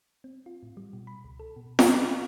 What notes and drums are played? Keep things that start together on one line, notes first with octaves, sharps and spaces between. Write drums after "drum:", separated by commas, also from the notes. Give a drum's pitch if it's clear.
C4
F4
A2
G3
B2
B5
C#2
A4
B2
G#4, drum: snare F4
C4
D6